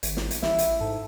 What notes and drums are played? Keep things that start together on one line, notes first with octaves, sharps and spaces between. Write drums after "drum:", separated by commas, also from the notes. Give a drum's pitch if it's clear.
G#1, drum: hi-hat
drum: snare
drum: hi-hat
A1 E4, drum: snare
drum: hi-hat
G#2 A4